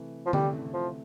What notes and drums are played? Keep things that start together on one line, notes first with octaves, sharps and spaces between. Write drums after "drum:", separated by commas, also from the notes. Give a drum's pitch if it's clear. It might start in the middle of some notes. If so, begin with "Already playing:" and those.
Already playing: C3 E3 A3
F3
C3 E3 G3 A3, drum: tom D3
F3